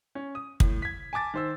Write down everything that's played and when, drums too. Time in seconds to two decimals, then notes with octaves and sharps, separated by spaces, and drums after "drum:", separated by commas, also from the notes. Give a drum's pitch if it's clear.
0.15 C#4
0.35 D#6
0.60 A2, drum: kick
0.82 G#6 B6
1.13 G#5 A5 D6 A6
1.34 D#3 C5 E6